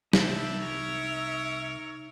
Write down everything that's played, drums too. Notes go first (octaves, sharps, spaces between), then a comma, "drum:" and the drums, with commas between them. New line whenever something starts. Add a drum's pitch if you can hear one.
C2 D4 D#4 G4 A4 E5 B5, drum: snare
A#4 C#5